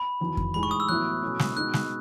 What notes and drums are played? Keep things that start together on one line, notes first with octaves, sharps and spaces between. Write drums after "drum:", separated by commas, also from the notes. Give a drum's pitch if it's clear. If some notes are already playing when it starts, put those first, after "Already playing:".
Already playing: B5
E2 D#3 F#3
drum: kick F2
A1 A2 G#3 D#4 B5
C#6
D#6
E6
A1 A2 F#3 B3 E4 F#6
B2 F#3 A3 C#4 E4
drum: snare
B2 G#3 D#4 F#6
drum: snare